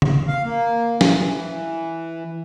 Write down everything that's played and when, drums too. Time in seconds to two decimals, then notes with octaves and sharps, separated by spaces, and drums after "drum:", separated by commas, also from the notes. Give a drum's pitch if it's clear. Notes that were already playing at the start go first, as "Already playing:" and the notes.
0.02 drum: tom
0.27 F5
0.44 A#3
1.01 E3, drum: snare